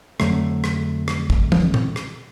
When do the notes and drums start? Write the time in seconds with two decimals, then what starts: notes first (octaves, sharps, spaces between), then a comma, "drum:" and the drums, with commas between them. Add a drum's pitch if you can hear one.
0.20 F2 D3 F#3 A3, drum: rim click
0.64 drum: rim click
1.08 drum: rim click
1.30 drum: kick
1.52 drum: tom
1.74 drum: tom A#2
1.96 drum: rim click